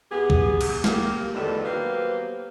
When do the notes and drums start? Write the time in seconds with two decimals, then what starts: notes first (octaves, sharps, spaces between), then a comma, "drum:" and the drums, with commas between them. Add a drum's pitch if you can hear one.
0.11 E2 B3 G4 G#4
0.30 drum: kick
0.61 drum: cymbal
0.84 A#3 G4 A#4, drum: snare
1.34 E2 A2 D3 D#3 F3 A4
1.65 F#3 A#3 B3 G4 B4 C5